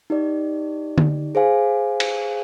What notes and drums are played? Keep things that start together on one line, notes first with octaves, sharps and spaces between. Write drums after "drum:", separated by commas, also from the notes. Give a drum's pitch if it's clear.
D#4 G4 D5
drum: tom D3
G#4 C5 F5 G#5
drum: cymbal